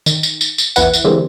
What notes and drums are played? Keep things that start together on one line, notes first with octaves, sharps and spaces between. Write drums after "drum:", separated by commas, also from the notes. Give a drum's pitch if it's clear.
D#3, drum: tambourine
drum: tambourine
drum: tambourine
drum: tambourine
A#1 E2 E4 B4 F#5, drum: tambourine
drum: tambourine
D3 E3 G3 G#3 A#3 C4